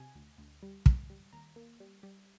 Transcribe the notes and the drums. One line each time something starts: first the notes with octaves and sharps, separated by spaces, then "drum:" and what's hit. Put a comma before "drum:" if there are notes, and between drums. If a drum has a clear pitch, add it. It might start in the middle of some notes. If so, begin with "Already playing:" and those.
Already playing: C3 G#5
D2
D2
G3
G#2, drum: kick
G3
D#2 A#5
A#3
G3
G3